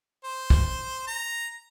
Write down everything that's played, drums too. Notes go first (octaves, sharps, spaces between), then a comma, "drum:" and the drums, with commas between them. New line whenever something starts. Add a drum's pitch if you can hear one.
C5
drum: kick
A#5